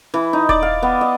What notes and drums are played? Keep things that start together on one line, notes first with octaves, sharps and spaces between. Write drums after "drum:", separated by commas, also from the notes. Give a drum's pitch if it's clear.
E3
D#4
D5, drum: kick D#1
F5
B3
D#5